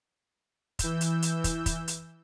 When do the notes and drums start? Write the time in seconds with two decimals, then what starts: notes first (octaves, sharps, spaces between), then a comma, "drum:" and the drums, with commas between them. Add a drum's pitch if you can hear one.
0.79 E3 E6 G6, drum: kick, hi-hat
1.01 drum: hi-hat
1.22 drum: hi-hat
1.44 drum: kick, hi-hat
1.66 drum: kick, hi-hat
1.88 drum: hi-hat